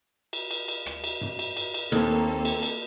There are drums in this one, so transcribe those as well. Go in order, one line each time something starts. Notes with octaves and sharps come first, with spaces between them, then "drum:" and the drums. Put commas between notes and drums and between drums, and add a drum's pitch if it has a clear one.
drum: cymbal
drum: cymbal
drum: cymbal
drum: rim click
drum: cymbal
drum: tom F#2
drum: cymbal
drum: cymbal
drum: cymbal
D#2 A#3 C4 A4
drum: cymbal
drum: cymbal